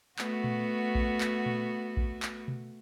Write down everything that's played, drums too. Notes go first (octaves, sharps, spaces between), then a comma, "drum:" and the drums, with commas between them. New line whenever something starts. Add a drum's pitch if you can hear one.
A3 B3 F#4, drum: clap
drum: tom A#2
drum: kick A#1
drum: clap
drum: tom A#2
drum: kick A#1
drum: clap
drum: tom B2